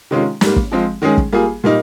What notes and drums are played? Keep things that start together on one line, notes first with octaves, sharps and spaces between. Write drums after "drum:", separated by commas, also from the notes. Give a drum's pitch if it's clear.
C3 D#3 G#3 C#4 F4
G#2 G3 A#3, drum: snare
drum: kick
F3 G#3 C4 F4
D#3 G#3 C#4 G#4
drum: kick
G3 A#3 F4 G#4
A#2 G3 A#3 D#4 A#4